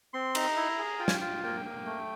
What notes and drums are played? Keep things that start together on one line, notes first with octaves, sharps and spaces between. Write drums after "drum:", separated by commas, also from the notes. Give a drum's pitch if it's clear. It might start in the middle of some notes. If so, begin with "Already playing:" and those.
C4 C6
D#4 A#5, drum: cymbal
E4
G#4
F4 G5
G#5, drum: snare
G5
F4
A#3 G5
A#3
A3